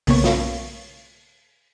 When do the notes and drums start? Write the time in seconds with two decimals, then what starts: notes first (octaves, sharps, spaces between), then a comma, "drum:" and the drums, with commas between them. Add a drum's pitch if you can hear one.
0.07 B1 C#3 A#3 B3 C#5, drum: open hi-hat
0.24 drum: snare